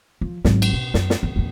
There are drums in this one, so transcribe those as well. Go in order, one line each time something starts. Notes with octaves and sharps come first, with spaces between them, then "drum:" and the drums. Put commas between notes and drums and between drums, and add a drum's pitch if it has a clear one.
F3
G#1 F#3, drum: snare
drum: cymbal
B2
F#2, drum: snare
drum: snare
F2
F2 A#2